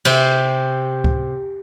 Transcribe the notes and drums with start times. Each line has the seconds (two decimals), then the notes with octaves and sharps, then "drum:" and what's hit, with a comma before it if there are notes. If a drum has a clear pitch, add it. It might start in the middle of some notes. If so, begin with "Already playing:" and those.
0.05 C3 C4, drum: cymbal
1.04 drum: kick C#2